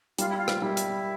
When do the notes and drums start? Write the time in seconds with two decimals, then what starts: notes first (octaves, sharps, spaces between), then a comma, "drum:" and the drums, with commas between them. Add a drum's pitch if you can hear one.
0.18 G3 F4, drum: hi-hat
0.28 E4
0.37 F4
0.48 drum: rim click
0.62 G3 E4
0.77 drum: hi-hat